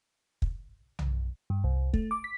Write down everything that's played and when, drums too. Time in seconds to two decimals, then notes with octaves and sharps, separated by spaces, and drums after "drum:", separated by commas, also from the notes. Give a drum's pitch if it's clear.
0.42 drum: kick
0.99 drum: tom B1
1.50 G2
1.64 C2
1.94 A3, drum: kick
2.11 D6
2.24 B6